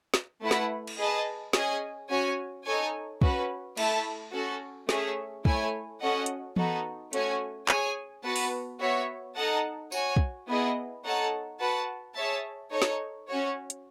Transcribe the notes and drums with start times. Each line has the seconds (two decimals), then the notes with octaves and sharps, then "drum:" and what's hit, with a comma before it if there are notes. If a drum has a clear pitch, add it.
0.14 drum: snare
0.42 A3 E4 B4 F#5
0.51 drum: snare
0.87 drum: cymbal
0.98 G#4 B4 D#5 A5
1.53 C#4 G#4 D#5 G#5, drum: snare
2.10 C#4 F#4 C#5 G#5
2.65 D#4 A4 C#5 G#5
3.22 C#4 F#4 B4, drum: kick
3.77 A3 E4 A4 E5 A5, drum: cymbal
4.33 C#4 F#4 A4
4.89 A3 C#4 G#4 C#5 E5, drum: snare
5.45 A3 E4 A4 C#5 G#5, drum: kick
6.01 C#4 F#4 A4 D#5 F#5
6.26 drum: hi-hat
6.56 B3 D#4 F#4 A4, drum: tom E3
7.13 A3 C#4 F#4 C#5 G#5, drum: hi-hat
7.69 G#4 C#5 G#5, drum: clap
8.24 B3 F#4 B4 F#5 A5
8.36 drum: open hi-hat
8.80 B3 F#4 C#5 E5
9.37 D#4 A4 D#5 F#5 A5
9.92 F#4 C#5 G#5, drum: tambourine
10.16 drum: kick
10.48 B3 E4 G#4 D#5
11.04 D#4 A4 C#5 F#5 A5
11.60 F#4 B4 F#5 A5
12.15 G#4 C#5 E5 A5
12.72 D#4 A4 C#5
12.82 drum: snare
13.28 C#4 F#4 C#5
13.70 drum: hi-hat